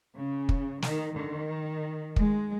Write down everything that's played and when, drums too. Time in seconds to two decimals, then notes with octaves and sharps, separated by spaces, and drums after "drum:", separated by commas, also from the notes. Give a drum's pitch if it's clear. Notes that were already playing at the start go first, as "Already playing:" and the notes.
0.16 C#3
0.49 drum: kick
0.82 D#3, drum: snare
1.16 D#3
2.16 G#3, drum: kick